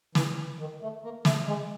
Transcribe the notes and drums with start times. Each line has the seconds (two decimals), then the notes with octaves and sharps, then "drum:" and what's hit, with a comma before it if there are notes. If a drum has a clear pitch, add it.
0.15 E3, drum: snare
0.59 D#3
0.81 A3
1.03 A#3
1.25 A3, drum: snare
1.46 G#3